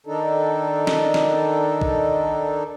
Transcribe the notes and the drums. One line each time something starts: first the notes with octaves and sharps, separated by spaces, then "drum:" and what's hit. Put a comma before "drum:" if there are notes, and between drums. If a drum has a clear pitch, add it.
D#3 D4 D#4 A4
drum: snare
drum: snare
drum: kick